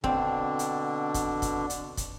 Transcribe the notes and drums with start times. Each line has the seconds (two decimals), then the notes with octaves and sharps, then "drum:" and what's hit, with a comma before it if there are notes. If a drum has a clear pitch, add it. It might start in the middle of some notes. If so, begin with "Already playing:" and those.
0.04 B2 D3 C4 D4, drum: kick
0.59 drum: hi-hat
1.14 drum: kick, hi-hat
1.42 drum: kick, hi-hat
1.70 drum: hi-hat
1.97 drum: kick, hi-hat